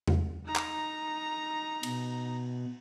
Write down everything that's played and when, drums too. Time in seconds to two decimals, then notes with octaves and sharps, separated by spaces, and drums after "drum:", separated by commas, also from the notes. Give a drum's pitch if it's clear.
0.08 drum: tom E2
0.46 D#4 A#5
0.56 drum: clap
1.83 B2, drum: cymbal